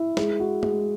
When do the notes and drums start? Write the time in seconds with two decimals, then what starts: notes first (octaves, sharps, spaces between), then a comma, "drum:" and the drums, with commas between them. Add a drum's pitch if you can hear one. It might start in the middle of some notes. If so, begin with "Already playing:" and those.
Already playing: E4
0.17 G#3, drum: snare
0.40 F#4
0.63 G#3, drum: tom G#3